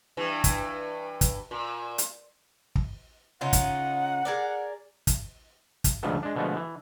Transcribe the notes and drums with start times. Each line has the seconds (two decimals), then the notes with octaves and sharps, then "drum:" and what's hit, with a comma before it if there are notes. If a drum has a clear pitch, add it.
0.17 G2 E3
0.44 drum: kick, hi-hat
1.21 drum: kick, hi-hat
1.51 A#2
1.98 drum: hi-hat
2.75 drum: kick
3.41 C#3 D#4 F4 F#5
3.53 drum: kick, hi-hat
4.25 G#4 A#4 D5
5.07 drum: kick, hi-hat
5.84 drum: kick, hi-hat
6.03 D2 G#2 C3 F3 F#3 B3
6.23 G#3 D4
6.36 B2 D3 F3 G#3 A3 B3
6.57 E3